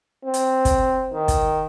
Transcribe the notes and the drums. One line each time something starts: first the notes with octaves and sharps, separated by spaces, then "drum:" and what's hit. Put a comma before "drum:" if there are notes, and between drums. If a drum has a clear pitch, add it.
C4
drum: hi-hat
drum: kick, hi-hat
D#3
drum: kick, hi-hat